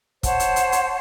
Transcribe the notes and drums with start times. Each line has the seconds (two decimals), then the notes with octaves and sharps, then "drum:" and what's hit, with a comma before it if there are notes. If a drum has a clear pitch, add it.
0.23 C5 C#5 F#5 A5, drum: kick, hi-hat
0.40 drum: hi-hat
0.56 drum: hi-hat
0.72 drum: hi-hat